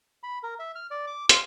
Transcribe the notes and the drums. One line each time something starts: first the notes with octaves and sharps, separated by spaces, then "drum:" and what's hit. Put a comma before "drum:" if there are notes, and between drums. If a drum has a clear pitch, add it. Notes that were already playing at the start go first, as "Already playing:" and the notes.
B5
A#4
E5
F6
D5
D6
F4, drum: hi-hat